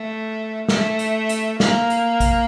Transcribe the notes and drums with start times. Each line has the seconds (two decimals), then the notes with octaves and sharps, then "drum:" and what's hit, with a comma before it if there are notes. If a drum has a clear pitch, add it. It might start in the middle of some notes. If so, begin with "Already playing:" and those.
Already playing: A3
0.68 A3, drum: snare
0.99 drum: hi-hat
1.29 drum: hi-hat
1.60 A#3, drum: snare
1.90 drum: hi-hat
2.20 drum: kick A1, hi-hat